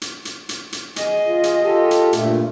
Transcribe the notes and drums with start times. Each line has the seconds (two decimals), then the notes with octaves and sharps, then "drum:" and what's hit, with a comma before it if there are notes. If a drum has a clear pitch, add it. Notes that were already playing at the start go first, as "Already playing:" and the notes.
0.02 drum: hi-hat
0.25 drum: hi-hat
0.49 drum: hi-hat
0.73 drum: hi-hat
0.96 G#4 D#5, drum: hi-hat
1.27 F4
1.43 drum: hi-hat
1.63 F4 G4 A4
1.91 drum: hi-hat
2.13 G2 A#2 A3, drum: hi-hat